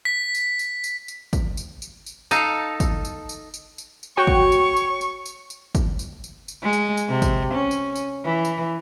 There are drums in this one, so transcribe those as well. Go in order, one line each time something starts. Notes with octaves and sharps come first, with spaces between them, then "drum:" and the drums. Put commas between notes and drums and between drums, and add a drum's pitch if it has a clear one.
B6
drum: tambourine
drum: tambourine
drum: tambourine
drum: tambourine
drum: kick, tambourine
drum: tambourine
drum: tambourine
drum: tambourine
D#4 A4 F5, drum: tambourine
drum: kick, tambourine
drum: tambourine
drum: tambourine
drum: tambourine
drum: tambourine
drum: tambourine
F#4 C#5 G5 C#6
drum: kick
drum: tambourine
drum: tambourine
drum: tambourine
drum: tambourine
drum: tambourine
drum: kick, tambourine
drum: tambourine
drum: tambourine
drum: tambourine
G#3
drum: tambourine
drum: tambourine
C3
drum: kick, tambourine
C#4
drum: tambourine
drum: tambourine
E3
drum: tambourine